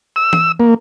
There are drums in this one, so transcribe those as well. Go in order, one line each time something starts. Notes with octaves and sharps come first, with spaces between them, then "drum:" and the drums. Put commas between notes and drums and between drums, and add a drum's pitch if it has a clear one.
E6
drum: tom E3
A#3